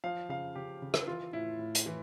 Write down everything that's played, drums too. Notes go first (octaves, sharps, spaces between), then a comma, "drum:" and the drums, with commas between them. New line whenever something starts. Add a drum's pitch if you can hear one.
F3 F5
C#3 F5
C#3 G4
C#3
drum: rim click
E3 F4
A2 E4
A2
drum: hi-hat
E3